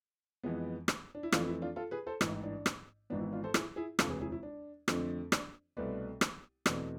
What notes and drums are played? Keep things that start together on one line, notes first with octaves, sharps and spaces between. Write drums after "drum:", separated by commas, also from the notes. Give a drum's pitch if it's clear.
F2 E3 G#3 B3
drum: rim click
D4
E4
F2 E3 A3 C4 D4 F4, drum: rim click
E4
D4 F4
F4 A4
G#4 B4
A4 C5
A1 G#2 E3 E4, drum: rim click
D4
drum: rim click
G#1 G#2 E3 B3 D4
E4
D4 F4
A4 C5
E4 G#4, drum: rim click
E4 G#4
E1 D2 C3 F4 A4, drum: rim click
G#4 B4
E4 G#4
E4
D4
F2 D3 A3 C4, drum: rim click
D4, drum: rim click
C2 B2 A3 C4 B4 D5
drum: rim click
E2 B2 A3 C4 D5, drum: rim click